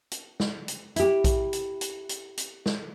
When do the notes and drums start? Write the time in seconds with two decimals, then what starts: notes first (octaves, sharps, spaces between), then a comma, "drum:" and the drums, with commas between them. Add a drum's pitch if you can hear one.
0.11 drum: hi-hat
0.40 drum: snare
0.68 drum: hi-hat
0.96 E4 G4, drum: hi-hat
1.24 drum: kick A#1, hi-hat
1.53 drum: hi-hat
1.81 drum: hi-hat
2.09 drum: hi-hat
2.37 drum: hi-hat
2.66 drum: snare